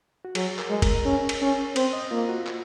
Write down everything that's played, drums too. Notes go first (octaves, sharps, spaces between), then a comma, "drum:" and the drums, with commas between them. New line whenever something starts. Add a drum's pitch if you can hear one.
F#4
F#3 G#4, drum: cymbal
A#4, drum: clap
G#3
A#4, drum: kick F#1, cymbal
C#4
drum: cymbal
C#4
C4 C5, drum: cymbal
D#5
A#3 F4
F#4
drum: clap